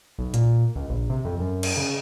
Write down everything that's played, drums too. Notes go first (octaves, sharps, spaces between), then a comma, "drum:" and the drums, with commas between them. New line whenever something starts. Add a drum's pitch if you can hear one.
B1
A#2, drum: hi-hat
C#2
A#1
C3
F2
F#2
drum: cymbal
C#3